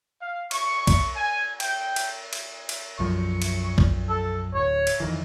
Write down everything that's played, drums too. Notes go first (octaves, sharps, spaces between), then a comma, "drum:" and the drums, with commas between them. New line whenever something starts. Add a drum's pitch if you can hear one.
F5
C#6, drum: cymbal
drum: kick B1, cymbal
G#5
G5, drum: cymbal
drum: cymbal
drum: cymbal
drum: cymbal
B1 F#2 F3 C#6
drum: cymbal
drum: kick B1
A4
D1 C#5
drum: cymbal
F2 D#3 E3